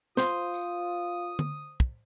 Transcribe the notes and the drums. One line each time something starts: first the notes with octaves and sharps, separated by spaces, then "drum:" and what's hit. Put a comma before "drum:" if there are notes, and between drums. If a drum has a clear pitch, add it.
F4 C5 D#6, drum: snare
drum: tambourine
drum: tom D3
drum: kick